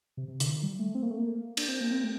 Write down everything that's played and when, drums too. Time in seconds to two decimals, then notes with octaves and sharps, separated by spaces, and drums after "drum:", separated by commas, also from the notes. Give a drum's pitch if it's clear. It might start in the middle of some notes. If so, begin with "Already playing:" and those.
0.17 C3
0.28 C3
0.40 D3, drum: hi-hat
0.52 D#3
0.63 G3
0.79 A3
0.95 C4
1.03 A#3
1.10 A3
1.18 A#3
1.57 D4, drum: cymbal
1.68 C4
1.81 A#3
1.92 C4
2.04 A3